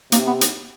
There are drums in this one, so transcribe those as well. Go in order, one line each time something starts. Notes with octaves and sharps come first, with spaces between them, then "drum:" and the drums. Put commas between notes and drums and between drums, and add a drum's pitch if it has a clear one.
C3 A#3, drum: hi-hat
B3
drum: hi-hat